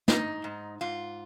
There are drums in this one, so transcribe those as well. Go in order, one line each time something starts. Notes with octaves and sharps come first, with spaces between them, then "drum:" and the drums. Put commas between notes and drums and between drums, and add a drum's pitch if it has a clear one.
G#2 D#4, drum: snare
G#2
G#2 F4